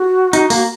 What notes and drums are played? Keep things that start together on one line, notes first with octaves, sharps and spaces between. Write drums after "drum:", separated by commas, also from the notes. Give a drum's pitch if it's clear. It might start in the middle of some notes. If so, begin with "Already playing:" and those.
Already playing: F#4
D#4, drum: hi-hat
A#3, drum: open hi-hat